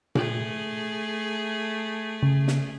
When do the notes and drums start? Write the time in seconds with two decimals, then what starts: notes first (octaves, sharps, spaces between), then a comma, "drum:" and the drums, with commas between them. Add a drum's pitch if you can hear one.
0.15 A3 G#4, drum: tom A#2
2.23 C#3
2.48 drum: snare